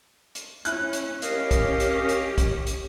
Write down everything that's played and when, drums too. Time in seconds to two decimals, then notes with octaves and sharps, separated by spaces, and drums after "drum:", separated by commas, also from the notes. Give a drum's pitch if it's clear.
0.35 drum: hi-hat
0.65 C#4 E4 F#6, drum: hi-hat
0.93 drum: hi-hat
1.22 C#4 G4 A#4 D#5 F5, drum: hi-hat
1.51 drum: kick, hi-hat
1.80 drum: hi-hat
2.09 drum: hi-hat
2.38 drum: kick, hi-hat
2.67 drum: hi-hat